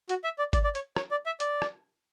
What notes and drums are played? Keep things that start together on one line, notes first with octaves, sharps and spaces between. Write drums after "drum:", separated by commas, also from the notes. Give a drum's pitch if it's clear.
F#4, drum: hi-hat
E5
D5
D5, drum: kick G#1, hi-hat
D5
C#5, drum: hi-hat
C#5, drum: rim click
D5
E5
D5, drum: hi-hat
drum: rim click